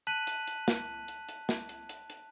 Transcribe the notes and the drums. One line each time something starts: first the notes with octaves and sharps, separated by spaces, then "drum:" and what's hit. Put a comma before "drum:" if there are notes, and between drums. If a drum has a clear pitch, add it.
A5 F#6 B6 D#7 F#7
drum: hi-hat
drum: hi-hat
drum: snare
drum: hi-hat
drum: hi-hat
drum: snare
drum: hi-hat
drum: hi-hat
drum: hi-hat